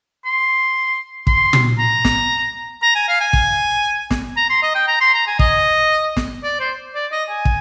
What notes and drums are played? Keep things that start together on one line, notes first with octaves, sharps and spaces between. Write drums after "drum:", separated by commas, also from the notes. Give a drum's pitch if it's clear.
C6
C6, drum: kick
drum: tom
A#5
drum: snare
A#5
G#5
F5
G#5
drum: kick
drum: snare
A#5
C6
D#5
G5
A#5
C6
A#5
G#5
D#5, drum: kick
drum: snare
D5
C5
D5
D#5
G#5
drum: kick